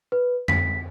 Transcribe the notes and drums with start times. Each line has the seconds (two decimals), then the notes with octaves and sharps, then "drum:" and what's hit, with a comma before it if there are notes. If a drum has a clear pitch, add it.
0.12 B4
0.48 B6, drum: tom F2